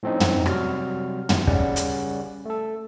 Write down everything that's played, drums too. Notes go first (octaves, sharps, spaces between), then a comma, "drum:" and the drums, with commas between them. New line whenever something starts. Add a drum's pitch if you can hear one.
A2 F3 C4 C#4 D#4
drum: tom
C3 F#3 G3 F#4 F6, drum: rim click
D#2, drum: tom
C#3 G3 C#4 D5 F#5, drum: kick
drum: hi-hat
A3 A4